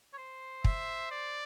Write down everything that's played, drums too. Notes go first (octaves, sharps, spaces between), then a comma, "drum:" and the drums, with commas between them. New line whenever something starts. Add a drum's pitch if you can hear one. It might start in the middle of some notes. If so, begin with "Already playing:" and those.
C#5
C5
E5, drum: kick
D5